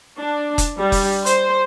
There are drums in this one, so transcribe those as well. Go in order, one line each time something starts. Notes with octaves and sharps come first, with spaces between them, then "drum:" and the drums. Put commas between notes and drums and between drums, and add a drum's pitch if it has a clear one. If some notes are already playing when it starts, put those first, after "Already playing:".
D4
drum: kick F1, hi-hat
G3
drum: kick F1, open hi-hat
C5, drum: hi-hat